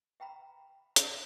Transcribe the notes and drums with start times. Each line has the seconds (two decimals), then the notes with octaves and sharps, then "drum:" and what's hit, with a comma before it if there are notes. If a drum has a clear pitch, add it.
0.20 E5 G5 A#5 B5
0.96 drum: hi-hat